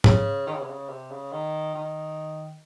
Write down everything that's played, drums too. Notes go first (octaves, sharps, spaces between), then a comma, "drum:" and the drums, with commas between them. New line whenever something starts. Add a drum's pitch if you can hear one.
C#3, drum: tom G#2
D#3
C#3
C3
C#3
C3
C#3
D#3
D#3